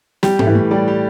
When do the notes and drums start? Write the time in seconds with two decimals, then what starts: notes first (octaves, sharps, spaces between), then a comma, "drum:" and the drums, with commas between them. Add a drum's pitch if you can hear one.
0.23 G3 G4, drum: snare
0.39 A3, drum: tom G#2
0.47 E3
0.55 A2
0.71 G3 D5
0.88 G4